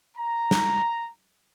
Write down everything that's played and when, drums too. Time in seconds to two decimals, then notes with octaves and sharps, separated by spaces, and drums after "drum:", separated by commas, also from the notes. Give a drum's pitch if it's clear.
0.17 A#5
0.51 drum: snare